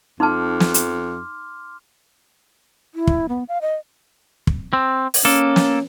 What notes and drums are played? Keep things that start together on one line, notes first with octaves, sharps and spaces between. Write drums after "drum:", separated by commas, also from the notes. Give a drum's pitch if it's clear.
F2 D#4 A5 C6 D6 F6
drum: snare
drum: hi-hat
E4
drum: kick
B3
F5
D#5
drum: kick
C4
drum: open hi-hat
A#3 C#4 A4
drum: snare